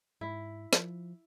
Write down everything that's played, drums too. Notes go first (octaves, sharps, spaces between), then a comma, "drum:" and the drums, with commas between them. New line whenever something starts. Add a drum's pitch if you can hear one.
G#2 E4
F3, drum: snare